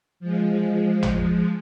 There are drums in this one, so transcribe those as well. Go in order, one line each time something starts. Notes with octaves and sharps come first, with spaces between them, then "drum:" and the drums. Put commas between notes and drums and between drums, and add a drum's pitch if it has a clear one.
F3 G#3
drum: tom